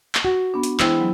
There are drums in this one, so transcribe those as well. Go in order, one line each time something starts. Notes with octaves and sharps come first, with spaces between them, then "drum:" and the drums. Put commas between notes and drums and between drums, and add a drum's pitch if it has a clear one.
drum: clap
F#4
B3 D4
drum: hi-hat
E3 G#3 B3 E4 C5 G5, drum: clap
F#3